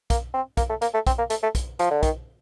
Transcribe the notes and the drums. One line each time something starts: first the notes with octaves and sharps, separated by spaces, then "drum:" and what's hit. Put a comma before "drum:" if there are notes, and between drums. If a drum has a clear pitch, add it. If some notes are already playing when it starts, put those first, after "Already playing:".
A#3, drum: kick, hi-hat
C4
A#3, drum: kick, hi-hat
A3
A#3, drum: hi-hat
A3
C4, drum: kick, hi-hat
A#3
A3, drum: hi-hat
A3
drum: kick, hi-hat
F3, drum: hi-hat
D3
D#3, drum: kick, hi-hat